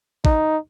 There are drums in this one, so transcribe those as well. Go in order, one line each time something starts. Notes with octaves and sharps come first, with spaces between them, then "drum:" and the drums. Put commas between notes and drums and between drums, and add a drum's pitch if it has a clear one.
D#4, drum: kick A1